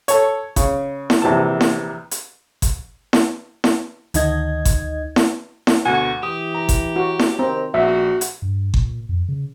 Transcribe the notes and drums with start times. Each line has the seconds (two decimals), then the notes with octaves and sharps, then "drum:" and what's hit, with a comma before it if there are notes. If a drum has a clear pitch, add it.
0.08 A4 C#5, drum: hi-hat
0.56 C#3, drum: kick G1, hi-hat
1.10 drum: snare E4
1.22 A#1 C3 E3 A5
1.61 drum: snare E4
2.11 drum: hi-hat
2.62 drum: kick G1, hi-hat
3.13 drum: snare E4
3.64 drum: snare E4
4.14 D2 D#3 D#4 D#5 G#6, drum: hi-hat
4.65 drum: kick G1, hi-hat
5.16 drum: snare E4
5.67 drum: snare E4
5.85 D2 B2 F#4 G#5
6.23 E3 G4 D#6
6.55 A#5
6.69 drum: kick G1, hi-hat
6.96 F#4
7.19 drum: snare E4
7.39 D#3 C4 A#5
7.74 A#1 B3 F#4 E5
8.21 drum: hi-hat
8.42 G2
8.74 A#2, drum: kick G1
9.09 F2
9.28 C#3